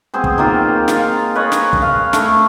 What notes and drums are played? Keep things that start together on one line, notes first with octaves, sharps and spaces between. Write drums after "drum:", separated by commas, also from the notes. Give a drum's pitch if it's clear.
B3 C4 G#4 C5
drum: kick
D#3 A#3 F4
F4, drum: snare
B4 C#5 D#5
drum: snare
drum: kick
F5
A3, drum: snare